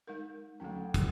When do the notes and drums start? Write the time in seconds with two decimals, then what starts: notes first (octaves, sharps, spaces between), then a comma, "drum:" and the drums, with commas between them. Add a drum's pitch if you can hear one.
0.07 G#3 D#4 A#4
0.60 D2 F#3 A3 C#4 G5
0.94 drum: kick, hi-hat